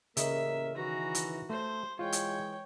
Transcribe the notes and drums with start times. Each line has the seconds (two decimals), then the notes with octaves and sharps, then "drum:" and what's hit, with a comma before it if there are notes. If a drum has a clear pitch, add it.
0.17 A1 C#3 A#3 A#4 D#5 E5, drum: hi-hat
0.75 D#3 E3 F#4 A#5
1.15 drum: hi-hat
1.50 A3 C5
1.99 E3 G#3 F4 C#5 G5
2.12 drum: hi-hat